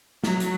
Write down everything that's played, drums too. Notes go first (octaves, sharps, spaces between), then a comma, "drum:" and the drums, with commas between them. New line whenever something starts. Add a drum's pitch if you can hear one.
F#3, drum: snare
drum: hi-hat